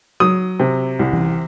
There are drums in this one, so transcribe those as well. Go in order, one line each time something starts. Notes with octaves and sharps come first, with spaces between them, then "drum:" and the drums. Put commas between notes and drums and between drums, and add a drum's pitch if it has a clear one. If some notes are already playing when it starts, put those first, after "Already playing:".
F#3 D#6
C3
C2
drum: tom E3